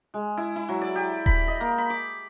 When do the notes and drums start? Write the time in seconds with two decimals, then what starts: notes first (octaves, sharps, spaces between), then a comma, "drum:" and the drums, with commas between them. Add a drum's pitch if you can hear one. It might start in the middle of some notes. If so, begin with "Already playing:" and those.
0.14 G#3
0.37 E4
0.56 E4
0.69 F#3
0.81 D5
0.96 G4
1.26 B5, drum: kick D#1
1.48 D#5
1.61 A#3
1.78 B5
1.90 D6